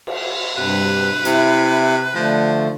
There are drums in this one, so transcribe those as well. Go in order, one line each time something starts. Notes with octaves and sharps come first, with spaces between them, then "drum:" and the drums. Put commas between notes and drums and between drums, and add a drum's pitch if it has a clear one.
drum: cymbal
G2 C3 B4
C3 E4, drum: hi-hat
D3 F3 A3